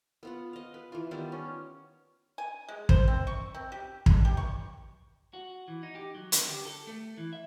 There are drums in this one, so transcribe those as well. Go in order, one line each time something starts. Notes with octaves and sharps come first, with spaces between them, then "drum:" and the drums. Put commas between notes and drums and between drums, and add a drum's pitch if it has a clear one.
B3 F4 F#5
D#5 F5
B4
E3 F4
D#3 G3 B3 F4
C#4
G#5
G#3
C5, drum: kick
C4
C#6
C4
G4
D3, drum: kick
G4
C#6
F#4
E3
D#4
G4
F#3
D3, drum: hi-hat
G4
A4
A3
E3
E5